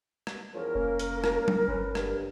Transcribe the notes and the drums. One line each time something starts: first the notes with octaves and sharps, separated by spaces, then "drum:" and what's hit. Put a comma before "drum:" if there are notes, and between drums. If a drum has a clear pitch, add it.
drum: rim click
E2 F3 C#4 A#4
F1 A#3 C#4
drum: hi-hat
drum: rim click
drum: tom
G1 C#4 B4
G2, drum: rim click